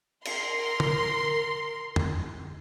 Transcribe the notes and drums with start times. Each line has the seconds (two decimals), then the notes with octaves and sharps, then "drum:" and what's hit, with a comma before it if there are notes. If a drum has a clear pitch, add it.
0.25 A#4 C6, drum: cymbal
0.80 drum: tom
1.96 drum: tom